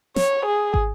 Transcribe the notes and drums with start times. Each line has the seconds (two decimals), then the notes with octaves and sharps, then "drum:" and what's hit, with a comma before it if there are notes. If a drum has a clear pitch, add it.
0.16 C#5, drum: snare
0.46 G#4
0.74 drum: kick